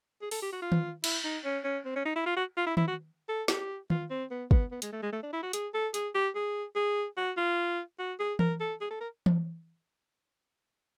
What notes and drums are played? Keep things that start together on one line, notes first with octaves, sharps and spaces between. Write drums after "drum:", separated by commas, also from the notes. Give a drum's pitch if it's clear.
G#4
A4, drum: open hi-hat
G4
F#4
F4
drum: tom D#3
E4, drum: cymbal
D#4
C#4
C#4
C4
C#4
D#4
E4
F4
F#4
F4
E4
E4, drum: tom D#3
F#4
A4
G4, drum: snare
F4, drum: tom D#3
C4
B3
B3, drum: kick
B3
G#3, drum: hi-hat
A3
G#3
A3
D4
E4
F#4
G#4, drum: hi-hat
A4
G#4, drum: hi-hat
G4
G#4
G#4
F#4
F4
F#4
G#4
A#4, drum: tom E3
A4
G#4
A4
A#4
drum: tom E3